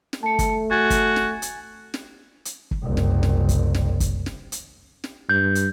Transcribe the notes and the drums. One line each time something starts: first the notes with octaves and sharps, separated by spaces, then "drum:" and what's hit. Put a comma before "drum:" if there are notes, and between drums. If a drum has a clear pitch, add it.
drum: snare
A3 A5 C#7
drum: kick, hi-hat
F#4 G#5 G#6 A6
drum: kick, hi-hat
drum: snare
drum: hi-hat
drum: snare
drum: hi-hat
drum: kick
F#1 C2
drum: snare
drum: snare
drum: kick, hi-hat
drum: snare
drum: kick, hi-hat
drum: snare
drum: hi-hat
drum: snare
G2 G6
drum: hi-hat